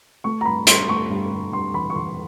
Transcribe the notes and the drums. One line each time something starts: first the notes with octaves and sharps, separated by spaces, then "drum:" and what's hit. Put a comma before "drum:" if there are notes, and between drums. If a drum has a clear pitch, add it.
A3 C#6
A#5
G2 B5
G2 C6, drum: hi-hat
A3 C#6
G2
G2
G2 C6
E3 B5
C#6
E3 C6